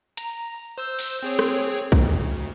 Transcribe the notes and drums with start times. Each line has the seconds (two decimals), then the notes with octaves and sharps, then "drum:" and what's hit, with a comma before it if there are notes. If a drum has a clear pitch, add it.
0.17 A#5, drum: hi-hat
0.78 C5 E6 G6
0.99 drum: open hi-hat
1.23 C4 G#4 C#5
1.39 drum: rim click
1.92 D2, drum: kick B1